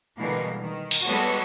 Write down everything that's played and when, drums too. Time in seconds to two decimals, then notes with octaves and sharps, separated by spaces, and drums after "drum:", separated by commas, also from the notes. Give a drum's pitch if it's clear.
0.19 B2 D3 E3 G3 G#3 A#3
0.61 D#3
0.91 drum: cymbal
1.04 G3 G#3 B3 F#4 A4 C#5